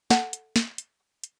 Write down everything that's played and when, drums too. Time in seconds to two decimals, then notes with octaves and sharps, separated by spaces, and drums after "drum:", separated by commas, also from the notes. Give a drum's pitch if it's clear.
0.10 A4 F#5, drum: snare
0.33 drum: hi-hat
0.56 drum: snare
0.78 drum: hi-hat
1.24 drum: hi-hat